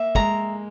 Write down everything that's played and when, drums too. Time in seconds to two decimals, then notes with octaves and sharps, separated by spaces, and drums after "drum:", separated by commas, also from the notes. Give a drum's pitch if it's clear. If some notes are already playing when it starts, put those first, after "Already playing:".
Already playing: A#3 E5
0.15 G#3 A#5, drum: kick